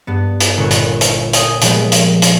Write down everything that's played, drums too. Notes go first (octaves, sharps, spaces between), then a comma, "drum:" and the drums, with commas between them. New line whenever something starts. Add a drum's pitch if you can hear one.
G2 B3
drum: hi-hat
G1 A#2 C#5
drum: hi-hat
drum: hi-hat
G5 G#5 D#6, drum: hi-hat
A#2 F3 G3 G#3 B3, drum: hi-hat
drum: hi-hat
drum: hi-hat